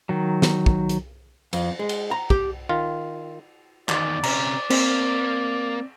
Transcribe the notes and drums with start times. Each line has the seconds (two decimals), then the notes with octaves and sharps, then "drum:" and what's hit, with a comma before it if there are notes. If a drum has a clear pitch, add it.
0.09 D#3 F#3
0.42 drum: snare
0.66 drum: kick
0.89 drum: hi-hat
1.53 F2, drum: cymbal
1.79 G#3
1.89 drum: cymbal
2.11 A#5
2.30 G4, drum: kick
2.69 D#3 F4
3.89 E2 D#3 D5, drum: clap
4.23 C3 C#4 A#5, drum: cymbal
4.70 A#3 C4, drum: cymbal